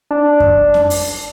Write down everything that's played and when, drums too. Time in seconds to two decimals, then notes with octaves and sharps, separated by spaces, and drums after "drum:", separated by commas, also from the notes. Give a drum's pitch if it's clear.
0.11 D4
0.40 drum: kick F#2
0.74 drum: snare C#4
0.90 drum: open hi-hat